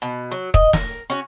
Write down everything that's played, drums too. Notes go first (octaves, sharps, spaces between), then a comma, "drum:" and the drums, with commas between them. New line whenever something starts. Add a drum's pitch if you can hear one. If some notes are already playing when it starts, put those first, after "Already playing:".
B2
F#3
D#5, drum: kick
A#4, drum: snare
C#4 F#4